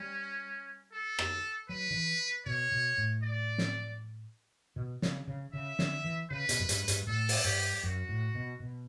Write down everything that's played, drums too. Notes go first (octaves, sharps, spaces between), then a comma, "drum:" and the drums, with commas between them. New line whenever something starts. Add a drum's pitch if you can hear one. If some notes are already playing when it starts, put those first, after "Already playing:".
Already playing: G3 C#4
A4
drum: rim click
F#3 B4
D3
E3
B2 C#5
B2
A2
D5
drum: snare
B2
C#3, drum: snare
C#3
C#3 E5
D3, drum: snare
E3
C#3 B4
B2, drum: hi-hat
F#2
G2, drum: hi-hat
G2, drum: hi-hat
A2 A4
drum: open hi-hat
G2 G4
F#2 F#4
A2
B2
B2